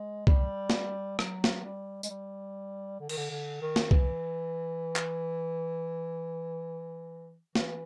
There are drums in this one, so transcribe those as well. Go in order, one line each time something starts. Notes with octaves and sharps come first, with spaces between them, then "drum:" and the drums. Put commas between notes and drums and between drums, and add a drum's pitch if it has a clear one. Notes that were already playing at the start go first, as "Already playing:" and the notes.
Already playing: G#3
G3, drum: kick C2
drum: snare
F#3, drum: rim click
drum: snare
G3
G#3, drum: tambourine
G3
D3
D#3, drum: cymbal
D3
D3
D#3
drum: snare
E3, drum: kick C2
drum: clap
E3, drum: snare